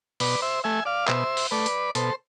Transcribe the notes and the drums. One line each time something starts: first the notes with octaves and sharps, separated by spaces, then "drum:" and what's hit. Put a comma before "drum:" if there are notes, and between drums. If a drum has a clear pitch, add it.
B2 B4 D5, drum: open hi-hat
C5 E5
A3 E5 G#5
D5 F5
B2 C5 E5, drum: clap
drum: open hi-hat
A3 B4 D5
drum: hi-hat
B2 A4 C5, drum: hi-hat